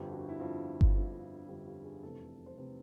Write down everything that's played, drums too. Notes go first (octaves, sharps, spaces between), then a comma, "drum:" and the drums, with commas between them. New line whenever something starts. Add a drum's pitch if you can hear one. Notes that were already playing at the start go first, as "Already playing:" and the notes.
Already playing: G1 F2 D3 G4
F#4
E4
G1 F2 D3 F4
drum: kick G1
G1 F2 D3
G1 F2 D3 G4
G4
G#4
F1 E2 C3 A4
C5
F1 C3 B4